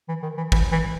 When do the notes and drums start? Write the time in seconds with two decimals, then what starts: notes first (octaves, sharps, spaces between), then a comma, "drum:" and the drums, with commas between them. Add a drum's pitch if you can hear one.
0.08 E3
0.23 D#3
0.37 E3
0.52 E3, drum: kick
0.72 E3